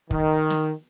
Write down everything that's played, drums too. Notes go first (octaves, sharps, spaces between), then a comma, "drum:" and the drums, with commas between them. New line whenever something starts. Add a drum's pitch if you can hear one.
D#3, drum: kick
drum: snare